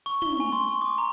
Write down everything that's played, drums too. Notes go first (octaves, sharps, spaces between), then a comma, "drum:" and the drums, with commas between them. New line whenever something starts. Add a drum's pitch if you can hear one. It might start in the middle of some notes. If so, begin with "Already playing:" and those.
C#6
G7, drum: tom
G#5
C6
C#6
D6
A#5